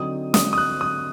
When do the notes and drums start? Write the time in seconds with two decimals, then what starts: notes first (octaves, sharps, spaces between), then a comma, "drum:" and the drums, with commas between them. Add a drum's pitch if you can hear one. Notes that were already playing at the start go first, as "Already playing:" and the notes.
Already playing: D3 F#3 C4 D#4 D#6
0.34 D#6, drum: snare
0.53 D#6
0.58 F#6
0.81 D#6